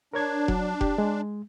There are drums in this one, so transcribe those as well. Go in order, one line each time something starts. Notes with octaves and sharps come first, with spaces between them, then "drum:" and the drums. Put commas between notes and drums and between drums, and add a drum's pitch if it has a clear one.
D4 A#4 C#5 G#6
F#3, drum: kick F1
G4, drum: kick F1
G#3